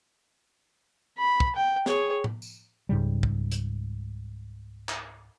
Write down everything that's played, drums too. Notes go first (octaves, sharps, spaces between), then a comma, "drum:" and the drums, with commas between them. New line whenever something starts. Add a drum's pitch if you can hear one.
B5
drum: kick
G5
G#4 C#5, drum: snare
drum: tom A2
drum: tambourine
C#2 G#2 C#3 G3
drum: kick
drum: hi-hat
drum: clap